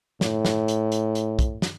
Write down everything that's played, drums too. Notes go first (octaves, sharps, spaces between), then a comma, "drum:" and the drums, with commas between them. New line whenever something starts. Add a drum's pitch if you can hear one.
A2, drum: snare
drum: snare
drum: hi-hat
drum: hi-hat
drum: hi-hat
drum: kick, hi-hat
drum: snare